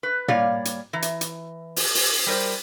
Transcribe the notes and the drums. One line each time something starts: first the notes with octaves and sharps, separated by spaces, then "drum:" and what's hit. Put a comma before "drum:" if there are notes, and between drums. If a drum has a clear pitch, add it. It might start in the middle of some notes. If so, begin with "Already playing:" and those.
B4
G3 A#3 C#5 D5 F5, drum: tom
drum: hi-hat
E3 A#5
drum: hi-hat
drum: hi-hat
drum: open hi-hat
drum: open hi-hat
G3 A#4 C5